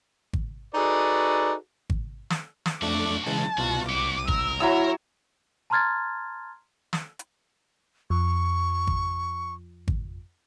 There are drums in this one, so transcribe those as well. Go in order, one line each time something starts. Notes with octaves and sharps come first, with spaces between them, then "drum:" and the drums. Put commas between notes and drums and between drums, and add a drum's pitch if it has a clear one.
drum: kick G#1
D#4 F#4 G#4 A4 B4 D5
drum: kick G#1
drum: snare
drum: snare
B1 F2 A3 D4 F#4 D6
C#3 E3 G#3 A5
C2 B2 F4 F#4
C2 B3 F#4 D6
A#4 E6, drum: kick G#1
F#3 E4 C#5 E6
A5 A#5 C6 F6 G#6 A6
drum: snare
drum: hi-hat
F2 C#6
drum: kick G#1
drum: kick G#1